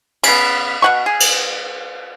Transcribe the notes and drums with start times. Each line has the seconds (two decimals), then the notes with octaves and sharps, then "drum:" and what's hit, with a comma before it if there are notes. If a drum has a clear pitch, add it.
0.23 C#3 B3, drum: cymbal
0.82 B2 F#5 C#6
1.06 G#4
1.20 drum: cymbal